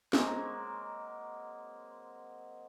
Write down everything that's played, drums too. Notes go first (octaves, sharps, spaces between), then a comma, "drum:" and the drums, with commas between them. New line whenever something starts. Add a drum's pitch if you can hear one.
F#3 G#3 A#3 C4, drum: snare